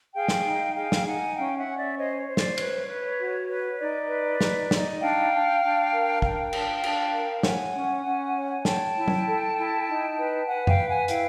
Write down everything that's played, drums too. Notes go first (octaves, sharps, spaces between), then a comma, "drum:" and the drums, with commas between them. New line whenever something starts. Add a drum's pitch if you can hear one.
G#4 F5 G5
drum: snare
D#4
G#4 F5 G5
drum: snare
D#4 F#5 G#5
C#4 F5 G5
E5 F#5
C#4
D5 E5
C5 C#5 D#5
C#5
C5
D5, drum: snare
B4 C#5, drum: cymbal
B4
F#4
B4
D#4 D5
B4
D#4, drum: snare
D#4, drum: snare
D4 F5 G5
D4
D4
A#4
D4 F5 G5, drum: kick
D4, drum: cymbal
D4, drum: cymbal
A#4
C#5 F#5 G#5, drum: snare
C#4
C#4
C#5
C#5 G5 A5, drum: snare
E4
drum: tom F#3
A4
E4
D#4
B4
B4 F#5 G#5
F5 G5, drum: tom F2
B4
F#5 G#5
E4 F5 G5, drum: hi-hat